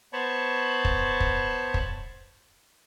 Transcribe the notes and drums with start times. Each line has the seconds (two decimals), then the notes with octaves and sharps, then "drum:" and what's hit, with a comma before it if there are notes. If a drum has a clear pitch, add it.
0.13 B3 C5 C#5 A5 B5 C#6
0.85 drum: kick
1.20 drum: kick
1.74 drum: kick